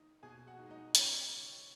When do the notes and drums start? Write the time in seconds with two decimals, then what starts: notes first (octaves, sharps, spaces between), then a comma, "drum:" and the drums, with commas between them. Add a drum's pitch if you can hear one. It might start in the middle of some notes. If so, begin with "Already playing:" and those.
Already playing: D#4
0.23 B2 G#4 G#5
0.47 F#4 F#5
0.59 D#4
0.64 G#3
0.71 D#4 D#5
0.95 C#3 C#4 C#5, drum: hi-hat